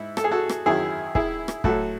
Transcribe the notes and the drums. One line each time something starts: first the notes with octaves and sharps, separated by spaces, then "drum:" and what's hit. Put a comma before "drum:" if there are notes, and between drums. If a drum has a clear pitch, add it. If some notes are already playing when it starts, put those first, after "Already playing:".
Already playing: G#2 E4
A4, drum: rim click
G#4
F#4 A4
drum: rim click
F#2 D#3 F#3 E4 G#4
E4 G#4, drum: kick
drum: rim click
A2 F#3 F#4 A4, drum: kick